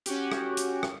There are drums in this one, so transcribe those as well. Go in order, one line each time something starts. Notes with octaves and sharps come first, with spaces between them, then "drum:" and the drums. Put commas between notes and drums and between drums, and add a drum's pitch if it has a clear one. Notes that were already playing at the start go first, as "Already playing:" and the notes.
C#4 F#4 G4, drum: hi-hat
drum: rim click
drum: hi-hat
drum: rim click